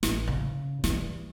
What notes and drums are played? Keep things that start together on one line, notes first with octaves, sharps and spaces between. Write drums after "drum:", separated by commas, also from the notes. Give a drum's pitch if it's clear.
A1, drum: snare
C#3
E3 G3, drum: snare